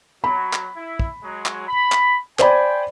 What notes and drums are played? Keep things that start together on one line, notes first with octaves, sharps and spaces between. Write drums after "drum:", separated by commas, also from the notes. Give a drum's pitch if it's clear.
F#3 B5
drum: clap
E4
drum: kick
F#3 G#3
drum: clap
B5
drum: clap
C5 D5 G5 G#5 B5, drum: clap